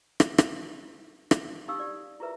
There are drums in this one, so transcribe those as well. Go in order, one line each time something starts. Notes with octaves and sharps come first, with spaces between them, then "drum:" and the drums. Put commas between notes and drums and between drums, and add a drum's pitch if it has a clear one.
drum: rim click
drum: rim click
drum: rim click
D4 D#4 G4 F5 D#6 E6
G4 D5
E4 F4 G#4 A#4 B4 E5